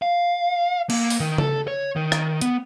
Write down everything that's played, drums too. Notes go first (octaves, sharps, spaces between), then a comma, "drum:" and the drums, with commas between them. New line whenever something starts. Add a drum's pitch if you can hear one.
F5
A#3, drum: cymbal
drum: open hi-hat
D#3
A4, drum: tom C#3
C#5
D#3
drum: rim click
B3, drum: hi-hat